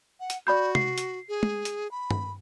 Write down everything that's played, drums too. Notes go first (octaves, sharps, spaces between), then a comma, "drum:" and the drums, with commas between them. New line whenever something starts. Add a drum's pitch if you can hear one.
F#5
drum: hi-hat
F#4 D5 B5 G6
C7, drum: tom C3
drum: hi-hat
G#4
drum: tom
drum: hi-hat
B5
drum: tom G2